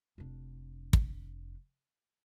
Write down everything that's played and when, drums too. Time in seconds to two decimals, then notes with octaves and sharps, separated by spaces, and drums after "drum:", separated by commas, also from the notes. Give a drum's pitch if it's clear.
0.18 F1 D4
0.93 drum: kick